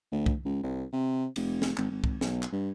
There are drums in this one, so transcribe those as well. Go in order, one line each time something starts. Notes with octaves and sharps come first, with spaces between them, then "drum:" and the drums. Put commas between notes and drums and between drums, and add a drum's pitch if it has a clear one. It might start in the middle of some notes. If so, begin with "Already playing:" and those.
D2
drum: kick C2
C#2
C2
C3
F1, drum: cymbal
drum: snare
G#1, drum: clap
G#1
drum: kick C2
B1, drum: snare
drum: clap
G2